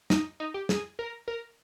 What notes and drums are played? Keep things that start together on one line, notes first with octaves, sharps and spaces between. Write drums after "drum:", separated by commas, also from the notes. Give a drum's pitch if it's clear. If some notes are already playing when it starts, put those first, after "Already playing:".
D#4, drum: snare
D#4
G4
G#4, drum: snare
A#4
A#4